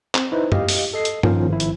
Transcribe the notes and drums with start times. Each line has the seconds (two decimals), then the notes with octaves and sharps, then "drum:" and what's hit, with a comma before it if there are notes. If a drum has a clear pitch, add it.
0.14 C4, drum: clap
0.32 D#4 E4 B4 C5
0.52 G4 D#5 F5, drum: tom
0.68 drum: open hi-hat
0.94 A4 D#5 C7
1.05 drum: hi-hat
1.23 D#3 F3 C#4 F4 A#4 C5, drum: tom G2
1.48 G#1 F3 E4
1.60 drum: hi-hat